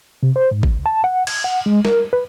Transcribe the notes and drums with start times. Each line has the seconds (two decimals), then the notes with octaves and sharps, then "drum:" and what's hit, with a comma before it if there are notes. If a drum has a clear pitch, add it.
0.23 C3
0.36 C5
0.51 G#2
0.63 C#2, drum: kick G#1
0.86 A5
1.04 F#5
1.27 G#6, drum: cymbal
1.44 F#5
1.66 G#3
1.85 A#4, drum: snare
2.13 B4